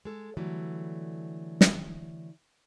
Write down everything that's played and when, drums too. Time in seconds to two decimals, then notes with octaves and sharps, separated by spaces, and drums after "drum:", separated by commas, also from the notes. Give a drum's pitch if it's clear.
0.05 G#3 A4
0.37 D3 E3 F#3 G3 A3
1.61 drum: snare